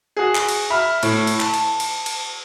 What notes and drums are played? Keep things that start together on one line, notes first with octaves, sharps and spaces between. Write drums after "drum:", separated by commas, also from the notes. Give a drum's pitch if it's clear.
F#4 G#4
drum: clap
drum: cymbal
E5 B5 F6
A2, drum: cymbal
drum: cymbal
A5, drum: clap
drum: cymbal
drum: cymbal
drum: cymbal